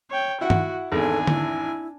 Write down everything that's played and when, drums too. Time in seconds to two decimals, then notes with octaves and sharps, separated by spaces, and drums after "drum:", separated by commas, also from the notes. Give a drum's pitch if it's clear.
0.10 C#5 G5
0.41 E4 F#4 F#5
0.50 drum: tom
0.92 G#1 E2 G#3 D4 A4 G#5
1.27 E4, drum: tom D3